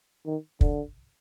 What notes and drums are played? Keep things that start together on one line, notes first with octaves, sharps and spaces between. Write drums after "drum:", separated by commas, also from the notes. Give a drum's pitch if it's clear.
D#3
D3, drum: kick